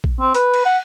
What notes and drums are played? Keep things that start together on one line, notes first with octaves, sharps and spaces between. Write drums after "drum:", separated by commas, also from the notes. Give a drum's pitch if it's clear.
drum: kick A#1
C4
B4, drum: hi-hat
drum: cymbal
F#5